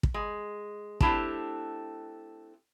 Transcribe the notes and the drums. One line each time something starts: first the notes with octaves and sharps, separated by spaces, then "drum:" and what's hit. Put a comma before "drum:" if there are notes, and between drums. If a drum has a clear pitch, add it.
drum: kick
G#3
A3 C4 D4 E4 G4 A5, drum: kick